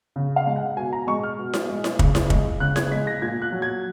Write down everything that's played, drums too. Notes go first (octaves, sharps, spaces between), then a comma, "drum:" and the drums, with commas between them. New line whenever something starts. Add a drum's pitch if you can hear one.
C#3
F5
G#3
F#5
B2 G#5
A#5
G#3 C#6
F6
B2
drum: snare E4
G#3
drum: snare E4
C#3, drum: kick
drum: snare E4
G#3, drum: kick
C#3 F#6
G#6, drum: snare E4
G#3 B6
A#6
A#2 G#6
F#6
F#3
G#6